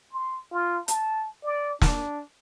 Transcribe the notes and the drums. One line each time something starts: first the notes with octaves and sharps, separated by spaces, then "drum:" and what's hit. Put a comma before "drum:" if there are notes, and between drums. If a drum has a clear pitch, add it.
C6
F4
A5, drum: hi-hat
D5
D4, drum: snare